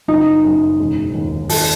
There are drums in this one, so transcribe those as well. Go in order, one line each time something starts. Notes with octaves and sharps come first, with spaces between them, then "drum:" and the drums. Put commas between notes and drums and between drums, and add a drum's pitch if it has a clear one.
F#1 D#4
F#2
E1
D#2
D#2 A4, drum: open hi-hat